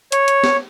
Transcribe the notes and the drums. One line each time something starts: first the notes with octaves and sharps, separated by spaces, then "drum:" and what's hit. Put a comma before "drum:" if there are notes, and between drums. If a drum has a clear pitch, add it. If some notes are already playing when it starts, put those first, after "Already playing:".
C#5, drum: hi-hat
drum: hi-hat
drum: snare